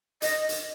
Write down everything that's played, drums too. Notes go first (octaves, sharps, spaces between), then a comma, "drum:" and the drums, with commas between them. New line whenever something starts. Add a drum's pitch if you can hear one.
D#5, drum: hi-hat
drum: hi-hat